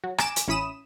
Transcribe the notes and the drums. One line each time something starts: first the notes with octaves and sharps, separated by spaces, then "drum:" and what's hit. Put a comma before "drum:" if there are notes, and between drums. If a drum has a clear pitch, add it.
F#3
G#5 D6 E7, drum: rim click
drum: hi-hat
A1 C#4 E4 B5 D#6 E7